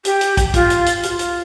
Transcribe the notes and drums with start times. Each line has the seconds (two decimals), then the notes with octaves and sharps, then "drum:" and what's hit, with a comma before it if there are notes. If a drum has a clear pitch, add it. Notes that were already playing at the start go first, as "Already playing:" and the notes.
0.05 G4, drum: hi-hat
0.21 drum: hi-hat
0.37 drum: kick, hi-hat
0.54 F4, drum: kick, hi-hat
0.70 drum: hi-hat
0.86 drum: hi-hat
1.03 G4, drum: hi-hat
1.07 F4
1.19 drum: hi-hat